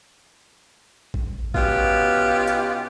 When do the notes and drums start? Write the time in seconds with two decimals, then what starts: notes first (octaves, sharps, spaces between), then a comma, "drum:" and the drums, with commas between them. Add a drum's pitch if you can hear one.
1.14 drum: kick A1
1.54 B2 B3 C#4 D#4 F4 G4, drum: kick A1
2.48 drum: hi-hat